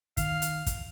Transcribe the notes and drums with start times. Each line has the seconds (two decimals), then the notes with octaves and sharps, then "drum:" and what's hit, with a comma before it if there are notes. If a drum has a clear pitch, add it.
0.17 D#3 F5, drum: kick, hi-hat
0.42 drum: hi-hat
0.66 drum: kick, hi-hat